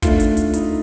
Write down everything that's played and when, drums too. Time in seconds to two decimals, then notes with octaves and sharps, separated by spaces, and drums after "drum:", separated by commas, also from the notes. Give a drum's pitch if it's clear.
0.02 D#3 A3 D4 F4, drum: kick, hi-hat
0.20 drum: hi-hat
0.37 drum: hi-hat
0.54 D#4, drum: hi-hat